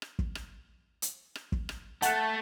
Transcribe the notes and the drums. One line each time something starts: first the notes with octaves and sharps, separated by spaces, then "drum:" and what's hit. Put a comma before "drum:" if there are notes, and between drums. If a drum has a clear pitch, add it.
drum: rim click
drum: kick
drum: rim click
drum: hi-hat
drum: rim click
drum: kick
drum: rim click
A3 F#5 A5 F#6, drum: hi-hat